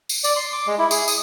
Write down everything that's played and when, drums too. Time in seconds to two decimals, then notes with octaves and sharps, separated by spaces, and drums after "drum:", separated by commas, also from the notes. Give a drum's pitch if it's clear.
0.09 drum: tambourine
0.24 D5, drum: tambourine
0.36 C6
0.52 D6
0.67 G#3
0.78 E4
0.91 G#4, drum: tambourine
1.08 D#6, drum: tambourine